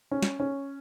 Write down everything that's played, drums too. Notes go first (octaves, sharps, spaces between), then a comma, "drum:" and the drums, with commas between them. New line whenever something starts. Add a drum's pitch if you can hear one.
C#4
drum: snare
C#4